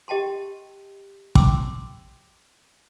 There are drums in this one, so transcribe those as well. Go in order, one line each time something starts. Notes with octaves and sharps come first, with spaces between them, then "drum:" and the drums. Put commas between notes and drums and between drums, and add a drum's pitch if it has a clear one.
G4 D#5 G5 A5 C6
G5 C6 D6 E6, drum: kick